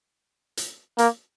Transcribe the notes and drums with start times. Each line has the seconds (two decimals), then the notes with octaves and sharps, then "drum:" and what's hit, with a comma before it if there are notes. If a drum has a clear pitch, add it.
0.57 drum: hi-hat
0.98 A#3, drum: hi-hat